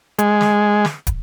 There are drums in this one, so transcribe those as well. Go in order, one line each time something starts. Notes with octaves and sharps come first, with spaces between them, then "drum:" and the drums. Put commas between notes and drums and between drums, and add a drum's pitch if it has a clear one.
G#3, drum: hi-hat
drum: snare
drum: snare
drum: kick, hi-hat